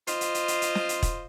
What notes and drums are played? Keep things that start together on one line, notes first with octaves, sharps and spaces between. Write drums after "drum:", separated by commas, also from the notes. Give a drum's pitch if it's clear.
F4 C5 D#5, drum: hi-hat
drum: hi-hat
drum: hi-hat
drum: hi-hat
drum: hi-hat
drum: snare
drum: hi-hat
drum: kick, hi-hat